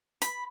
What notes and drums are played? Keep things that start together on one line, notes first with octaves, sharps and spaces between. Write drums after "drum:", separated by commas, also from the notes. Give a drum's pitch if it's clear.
B5, drum: hi-hat